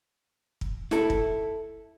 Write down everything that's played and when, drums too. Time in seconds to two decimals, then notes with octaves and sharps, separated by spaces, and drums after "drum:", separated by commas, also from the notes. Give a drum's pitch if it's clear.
0.61 drum: kick
0.91 E4 A4, drum: snare
1.10 drum: kick